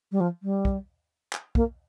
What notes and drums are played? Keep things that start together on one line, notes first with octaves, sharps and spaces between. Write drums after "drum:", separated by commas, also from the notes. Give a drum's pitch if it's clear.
G3
F3
G3
drum: kick
drum: clap
A#3, drum: kick